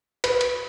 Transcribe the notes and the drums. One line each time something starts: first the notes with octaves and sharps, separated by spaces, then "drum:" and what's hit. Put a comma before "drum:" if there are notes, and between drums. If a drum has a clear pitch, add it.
B4, drum: cymbal
drum: cymbal